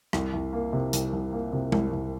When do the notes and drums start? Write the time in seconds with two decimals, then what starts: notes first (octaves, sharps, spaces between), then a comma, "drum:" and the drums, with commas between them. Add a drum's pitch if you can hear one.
0.13 C2, drum: rim click
0.33 C2
0.53 A#3
0.73 C3
0.93 C2, drum: hi-hat
1.13 C2
1.33 A#3
1.53 C3
1.72 C2, drum: tom G#3
1.92 C2